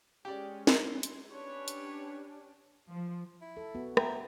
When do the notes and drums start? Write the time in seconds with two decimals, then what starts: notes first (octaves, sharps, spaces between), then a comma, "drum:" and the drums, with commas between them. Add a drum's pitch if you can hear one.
0.25 G#3 C#4 G4 D5
0.67 G#5 C6, drum: snare
1.03 drum: hi-hat
1.31 C#4 D4 G4 B4 C#5
1.68 drum: hi-hat
2.89 F3
3.42 E4
3.57 A4
3.75 B3 F#4
3.97 E5 G5 A#5, drum: rim click